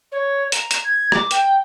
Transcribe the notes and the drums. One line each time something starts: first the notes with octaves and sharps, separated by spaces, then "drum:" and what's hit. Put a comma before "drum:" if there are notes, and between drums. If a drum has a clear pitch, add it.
C#5
A#5, drum: hi-hat
drum: hi-hat
G#6
D6, drum: rim click
G5, drum: hi-hat